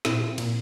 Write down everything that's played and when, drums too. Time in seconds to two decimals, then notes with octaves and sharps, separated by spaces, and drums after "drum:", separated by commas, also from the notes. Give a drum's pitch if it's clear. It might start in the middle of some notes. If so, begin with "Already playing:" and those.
0.05 A#2 C4 E4, drum: snare
0.22 F3
0.38 A#2, drum: cymbal